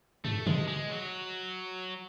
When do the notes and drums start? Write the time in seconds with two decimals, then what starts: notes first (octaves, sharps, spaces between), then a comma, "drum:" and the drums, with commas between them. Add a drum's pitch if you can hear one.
0.25 A3, drum: tom
0.47 G#3, drum: tom
0.68 G#3
0.90 F#3